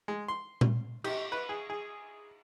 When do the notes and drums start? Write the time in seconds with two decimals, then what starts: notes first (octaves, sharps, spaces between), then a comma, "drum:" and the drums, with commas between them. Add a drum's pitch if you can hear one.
0.08 G#3
0.28 C6
0.61 drum: tom A#2
1.04 G4, drum: cymbal
1.32 B4
1.49 G#4
1.70 G#4